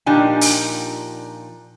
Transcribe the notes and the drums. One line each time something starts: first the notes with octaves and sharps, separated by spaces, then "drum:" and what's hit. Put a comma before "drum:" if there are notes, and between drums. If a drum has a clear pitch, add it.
A#2 F3 D4 D#4 G4 G#5
drum: open hi-hat